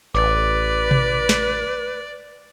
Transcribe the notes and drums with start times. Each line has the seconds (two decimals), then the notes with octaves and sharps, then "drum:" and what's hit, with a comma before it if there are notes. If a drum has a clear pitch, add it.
0.15 A1 B4 D5 D6
0.91 drum: tom B2
1.29 drum: snare